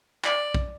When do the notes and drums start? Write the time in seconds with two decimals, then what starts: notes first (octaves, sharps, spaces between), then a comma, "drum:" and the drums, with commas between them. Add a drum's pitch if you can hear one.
0.24 D5, drum: clap
0.54 drum: kick